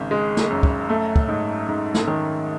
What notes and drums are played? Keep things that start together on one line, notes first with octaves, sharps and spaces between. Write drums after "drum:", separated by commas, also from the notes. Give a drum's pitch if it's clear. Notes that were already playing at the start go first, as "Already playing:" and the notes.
Already playing: G#1 C#3
G#3
drum: snare
F#2
drum: kick
A3
drum: kick
G#2
G#2
drum: snare
D#3